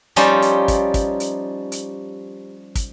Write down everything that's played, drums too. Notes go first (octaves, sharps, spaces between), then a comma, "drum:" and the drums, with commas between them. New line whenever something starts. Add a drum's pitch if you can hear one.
F3 G3 C#4 D#4 G4 C5, drum: hi-hat
drum: hi-hat
drum: kick, hi-hat
drum: kick, hi-hat
drum: hi-hat
drum: hi-hat
drum: kick, hi-hat